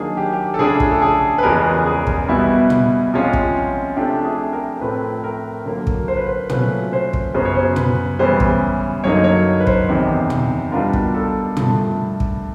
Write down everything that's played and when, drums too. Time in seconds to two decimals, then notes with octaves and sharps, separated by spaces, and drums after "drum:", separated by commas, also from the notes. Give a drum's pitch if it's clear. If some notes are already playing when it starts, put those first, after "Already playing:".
Already playing: D#3 F#3 A#3 D4 G#4
0.17 G4
0.33 G4
0.54 A4
0.59 C#3 F3 A3 D4 G#4
0.80 drum: kick
0.92 A4
1.02 G#4
1.38 B4
1.43 E2 C#3 F3 G#3 B3 A#4
1.86 G#4
2.07 drum: kick
2.28 B2 G3 B3 E4
2.70 drum: tom
3.12 C3 F3 G#3 C#4 F4
3.33 drum: kick
3.96 C3 F3 A3 D4 G4
4.24 G#4
4.53 A#4
4.81 A2 F3 A3 C4 B4
5.24 A#4
5.65 D3 F#3 A#3 A#4
5.87 drum: kick
6.08 C5
6.17 B4
6.27 C5
6.50 A#2 F#3 A3 C#4 B4, drum: tom
6.93 C5
7.13 drum: kick
7.34 F#2 C#3 F#3 B3 C5
7.45 C#5
7.55 C5
7.76 B4, drum: tom
8.19 C#3 E3 G3 B3 C5
8.40 drum: kick
9.04 F#2 D3 F#3 A#3 D#4 C#5
9.24 C#5
9.60 B4
9.67 C5, drum: kick
9.88 E2 C3 D#3
10.30 drum: tom
10.72 B2 G3 B3 D4 F4 A#4
10.93 drum: kick
11.15 A4
11.57 G2 D3 F3 A3, drum: tom
12.20 drum: kick